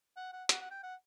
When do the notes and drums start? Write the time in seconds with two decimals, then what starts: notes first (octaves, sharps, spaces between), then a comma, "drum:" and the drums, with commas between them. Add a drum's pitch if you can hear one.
0.17 F#5
0.33 F#5
0.49 F#5, drum: hi-hat
0.61 F#5
0.71 G5
0.83 F#5